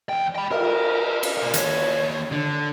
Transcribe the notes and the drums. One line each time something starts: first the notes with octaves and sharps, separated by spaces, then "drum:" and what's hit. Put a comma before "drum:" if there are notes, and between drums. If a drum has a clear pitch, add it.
E2 G5
G5 B5
A#4, drum: cymbal
drum: cymbal
A#4 D5
D#2 C#5, drum: hi-hat
D3